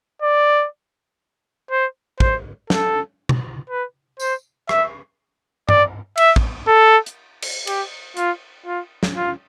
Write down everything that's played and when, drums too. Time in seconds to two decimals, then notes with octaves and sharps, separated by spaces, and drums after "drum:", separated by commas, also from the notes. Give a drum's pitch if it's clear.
0.22 D5
1.71 C5
2.20 C5, drum: kick
2.70 A4, drum: snare
3.29 drum: tom B2
3.70 B4
4.20 C5, drum: tambourine
4.69 E5, drum: rim click
5.69 D5, drum: tom G2
6.17 E5, drum: cymbal
6.36 drum: kick
6.68 A4
7.06 drum: hi-hat
7.42 drum: cymbal
7.67 G4, drum: cymbal
8.17 F4, drum: hi-hat
8.66 F4
9.03 drum: snare
9.16 F4